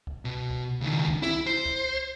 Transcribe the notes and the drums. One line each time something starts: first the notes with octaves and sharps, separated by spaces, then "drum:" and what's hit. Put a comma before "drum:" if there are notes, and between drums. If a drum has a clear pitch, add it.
drum: kick C#2
B2
drum: kick C#2
C#2 D#3
drum: kick C#2
E4, drum: snare
C5
drum: kick C#2